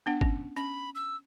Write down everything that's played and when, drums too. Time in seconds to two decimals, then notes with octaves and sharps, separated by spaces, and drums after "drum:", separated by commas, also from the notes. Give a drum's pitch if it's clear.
0.06 B3 D4 F#5
0.21 C#4, drum: kick
0.56 C#4 B5
0.95 E6